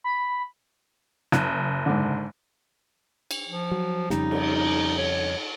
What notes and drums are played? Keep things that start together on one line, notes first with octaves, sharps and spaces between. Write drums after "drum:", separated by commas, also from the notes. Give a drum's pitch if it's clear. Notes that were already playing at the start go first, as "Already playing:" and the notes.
B5
F#1, drum: snare
G#2 D3
drum: cymbal
F3
F#3
F2 C#3 G3 D#4, drum: snare
drum: cymbal
D#4
C#5